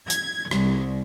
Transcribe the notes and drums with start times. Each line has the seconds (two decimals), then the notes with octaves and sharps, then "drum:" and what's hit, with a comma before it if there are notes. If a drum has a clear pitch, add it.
0.10 G#6, drum: hi-hat
0.51 C2, drum: rim click